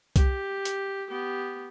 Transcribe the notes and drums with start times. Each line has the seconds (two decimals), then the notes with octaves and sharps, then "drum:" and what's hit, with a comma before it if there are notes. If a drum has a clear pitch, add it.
0.16 G4, drum: kick C2, hi-hat
0.65 drum: hi-hat
1.11 B3 G4